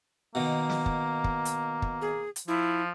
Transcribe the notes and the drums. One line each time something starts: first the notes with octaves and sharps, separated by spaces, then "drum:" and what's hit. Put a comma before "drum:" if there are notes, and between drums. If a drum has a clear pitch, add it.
B2 D#3 A#3
drum: snare
drum: kick
drum: kick
drum: hi-hat
drum: kick
G#4
drum: hi-hat
F3 E4